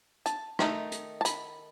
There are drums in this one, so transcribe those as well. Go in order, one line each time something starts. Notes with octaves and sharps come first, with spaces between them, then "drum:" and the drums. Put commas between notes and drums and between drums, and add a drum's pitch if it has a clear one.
A5, drum: hi-hat
D#3 A3 D#4, drum: rim click
drum: hi-hat
A5
B5, drum: hi-hat